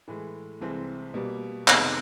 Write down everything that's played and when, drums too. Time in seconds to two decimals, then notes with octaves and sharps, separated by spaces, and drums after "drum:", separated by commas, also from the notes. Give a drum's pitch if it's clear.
0.07 A2 E3 G#3
0.60 C2 C3 E3 G#3 C4
1.14 B2 G3 A#3
1.68 F2 C3 D#3 G#3 B3, drum: clap